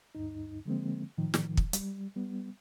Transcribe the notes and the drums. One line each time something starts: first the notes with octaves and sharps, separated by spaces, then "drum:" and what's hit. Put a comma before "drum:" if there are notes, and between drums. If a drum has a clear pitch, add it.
D2 G2 D#4
D3 F3 G#3 A#3 C4
A2 D#3 F3
drum: snare
drum: kick
G3, drum: hi-hat
G3 B3